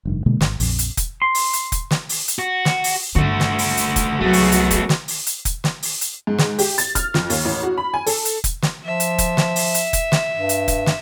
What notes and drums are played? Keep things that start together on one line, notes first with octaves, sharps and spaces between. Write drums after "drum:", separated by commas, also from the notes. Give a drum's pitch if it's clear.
F1 G2 D#3
B2 D3 G#3 A#3
G#1, drum: snare
A#1 F2, drum: open hi-hat
drum: hi-hat
drum: kick, hi-hat
C6
drum: open hi-hat
drum: hi-hat
drum: kick, hi-hat
drum: snare
drum: open hi-hat
drum: hi-hat
F#4
drum: snare
drum: open hi-hat
G1 D3 A3 F#4
drum: snare
drum: open hi-hat
drum: hi-hat
drum: kick, hi-hat
C2 F#3 A3 B3 F#4 G#4
drum: open hi-hat
drum: hi-hat
drum: kick, hi-hat
drum: snare
drum: open hi-hat
drum: hi-hat
drum: kick, hi-hat
drum: snare
drum: open hi-hat
drum: hi-hat
G#2
drum: snare
G4, drum: open hi-hat
A6, drum: hi-hat
F6, drum: kick, hi-hat
F2, drum: snare
D#2, drum: open hi-hat
A1
F#4
B5
G#5
A4, drum: open hi-hat
drum: hi-hat
drum: kick, hi-hat
drum: snare
F3 E5
drum: hi-hat
drum: kick, hi-hat
drum: snare
drum: open hi-hat
drum: hi-hat
drum: kick, hi-hat
drum: snare
G2
drum: hi-hat
drum: kick, hi-hat
drum: snare